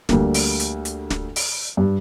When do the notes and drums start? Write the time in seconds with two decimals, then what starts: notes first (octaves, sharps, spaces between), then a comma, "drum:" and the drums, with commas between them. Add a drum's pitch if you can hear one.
0.09 D2 G3 A#3, drum: snare
0.34 drum: open hi-hat
0.60 drum: hi-hat
0.85 drum: hi-hat
1.10 drum: snare
1.36 drum: open hi-hat
1.77 G2